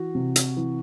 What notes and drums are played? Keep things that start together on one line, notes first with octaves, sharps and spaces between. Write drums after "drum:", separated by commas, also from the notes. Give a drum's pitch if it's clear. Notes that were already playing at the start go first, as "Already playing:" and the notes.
Already playing: E3 F#4
C3
drum: hi-hat
E3